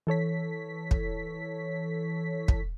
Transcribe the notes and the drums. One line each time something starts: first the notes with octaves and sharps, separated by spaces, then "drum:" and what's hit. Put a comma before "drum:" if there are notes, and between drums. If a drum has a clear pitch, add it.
E3 A4 C#5 B6
drum: kick
drum: kick